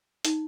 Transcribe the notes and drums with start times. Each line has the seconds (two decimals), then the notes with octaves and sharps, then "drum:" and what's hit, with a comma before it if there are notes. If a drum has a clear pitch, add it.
0.25 D#4, drum: hi-hat